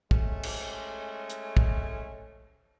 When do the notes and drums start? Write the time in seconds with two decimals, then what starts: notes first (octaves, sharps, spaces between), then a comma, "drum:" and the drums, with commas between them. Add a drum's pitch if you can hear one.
0.11 G#3 A3 C#4, drum: kick
0.43 drum: cymbal
1.30 drum: hi-hat
1.57 drum: kick